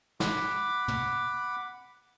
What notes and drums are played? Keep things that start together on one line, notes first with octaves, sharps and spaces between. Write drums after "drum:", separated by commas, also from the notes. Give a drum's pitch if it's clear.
F#5 B5 D6, drum: snare
drum: tom